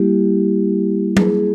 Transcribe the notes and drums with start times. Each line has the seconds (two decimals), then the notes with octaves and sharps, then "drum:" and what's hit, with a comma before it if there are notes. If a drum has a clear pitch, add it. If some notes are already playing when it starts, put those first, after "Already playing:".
Already playing: G3 A#3 E4 G4
1.17 G#4, drum: tom F#3